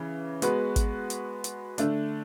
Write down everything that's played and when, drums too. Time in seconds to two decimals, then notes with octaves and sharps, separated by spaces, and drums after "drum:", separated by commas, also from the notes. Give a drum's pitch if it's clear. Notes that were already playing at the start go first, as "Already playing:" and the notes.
Already playing: C#3 E3
0.42 G#3 B3 F#4 B4, drum: hi-hat
0.76 drum: kick, hi-hat
1.10 drum: hi-hat
1.44 drum: hi-hat
1.78 D3 A3 D4, drum: hi-hat